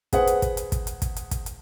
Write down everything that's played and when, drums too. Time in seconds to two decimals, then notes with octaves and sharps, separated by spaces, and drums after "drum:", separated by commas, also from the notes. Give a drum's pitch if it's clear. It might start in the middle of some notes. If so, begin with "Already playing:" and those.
0.13 G#4 B4 C5 F#5, drum: kick, hi-hat
0.27 drum: hi-hat
0.42 drum: kick, hi-hat
0.57 drum: hi-hat
0.72 drum: kick, hi-hat
0.87 drum: hi-hat
1.02 drum: kick, hi-hat
1.16 drum: hi-hat
1.31 drum: kick, hi-hat
1.46 drum: hi-hat